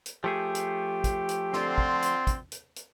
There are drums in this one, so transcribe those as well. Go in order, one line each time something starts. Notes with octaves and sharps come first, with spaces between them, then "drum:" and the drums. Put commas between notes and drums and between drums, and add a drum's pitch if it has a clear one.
drum: hi-hat
F3 A3 G4 G#4
drum: hi-hat
drum: kick, hi-hat
drum: hi-hat
D3 C4 F4 C6, drum: snare
drum: kick
drum: hi-hat
drum: kick, hi-hat
drum: hi-hat
drum: hi-hat